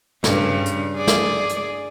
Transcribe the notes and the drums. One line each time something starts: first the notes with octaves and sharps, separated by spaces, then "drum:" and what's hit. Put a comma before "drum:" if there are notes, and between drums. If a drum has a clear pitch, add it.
G2 C#3, drum: snare
drum: hi-hat
G#4 D5
drum: snare
drum: hi-hat